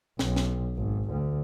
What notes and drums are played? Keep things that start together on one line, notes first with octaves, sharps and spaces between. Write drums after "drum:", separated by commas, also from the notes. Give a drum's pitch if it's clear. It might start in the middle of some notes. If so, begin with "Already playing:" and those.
B1, drum: snare
drum: snare
G#1
D2